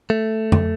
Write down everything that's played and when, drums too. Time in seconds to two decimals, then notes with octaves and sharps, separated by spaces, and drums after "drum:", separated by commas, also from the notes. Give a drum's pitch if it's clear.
0.10 A3
0.52 drum: tom F2